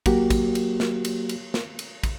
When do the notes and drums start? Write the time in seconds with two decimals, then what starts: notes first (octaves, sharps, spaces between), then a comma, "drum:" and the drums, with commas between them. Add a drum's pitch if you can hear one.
0.06 F#3 A#3 F#4 G4, drum: kick, cymbal
0.30 drum: kick, cymbal
0.55 drum: cymbal
0.80 drum: snare
1.05 drum: cymbal
1.29 drum: cymbal
1.54 drum: snare
1.79 drum: cymbal
2.03 drum: kick, cymbal